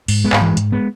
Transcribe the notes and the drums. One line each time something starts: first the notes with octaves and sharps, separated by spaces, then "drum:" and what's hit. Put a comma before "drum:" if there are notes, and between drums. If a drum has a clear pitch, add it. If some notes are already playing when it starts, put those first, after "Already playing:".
G#2, drum: open hi-hat
G#3 B3
G#2, drum: clap
E3 G#3
G#2, drum: hi-hat
G#3 B3